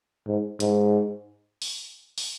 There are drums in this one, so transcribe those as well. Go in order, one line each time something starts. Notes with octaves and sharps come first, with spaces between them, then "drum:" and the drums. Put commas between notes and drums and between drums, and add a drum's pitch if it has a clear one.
G#2
G#2, drum: hi-hat
drum: open hi-hat
drum: open hi-hat